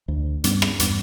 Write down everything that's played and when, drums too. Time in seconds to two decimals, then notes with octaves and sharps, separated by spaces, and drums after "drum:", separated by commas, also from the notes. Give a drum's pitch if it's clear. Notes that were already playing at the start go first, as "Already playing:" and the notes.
0.08 D2
0.44 G2 G3 B3 C#4, drum: hi-hat
0.62 drum: rim click
0.80 E2 G2, drum: hi-hat